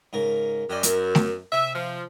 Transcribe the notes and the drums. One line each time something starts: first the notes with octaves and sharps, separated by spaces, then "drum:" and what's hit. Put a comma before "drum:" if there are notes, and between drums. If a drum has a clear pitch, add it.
G#2 C#3 A#4
F#2 D5 D#5 G5
A#4, drum: hi-hat
drum: snare A3
C3 E5
F3